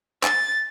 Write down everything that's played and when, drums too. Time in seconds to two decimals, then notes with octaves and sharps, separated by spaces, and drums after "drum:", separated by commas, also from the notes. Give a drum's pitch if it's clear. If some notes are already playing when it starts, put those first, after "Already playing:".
0.24 A6, drum: clap